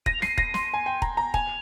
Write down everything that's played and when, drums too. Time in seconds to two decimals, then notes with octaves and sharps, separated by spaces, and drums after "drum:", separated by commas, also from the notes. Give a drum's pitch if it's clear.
0.06 A#6 D#7, drum: kick
0.14 F7
0.22 C7 D#7, drum: snare
0.38 A#6, drum: kick
0.54 C6, drum: snare
0.74 G#5
0.86 G5
1.02 A#5, drum: kick
1.17 A#5
1.34 G#5 F7, drum: kick